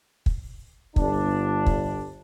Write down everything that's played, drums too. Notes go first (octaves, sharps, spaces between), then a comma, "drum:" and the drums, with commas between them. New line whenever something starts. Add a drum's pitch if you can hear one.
drum: kick
G1 D4, drum: kick
drum: kick